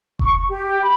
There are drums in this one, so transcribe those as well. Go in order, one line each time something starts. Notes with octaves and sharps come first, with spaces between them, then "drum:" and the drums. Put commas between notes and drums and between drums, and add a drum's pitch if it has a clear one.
C#6, drum: kick F1
G4
B5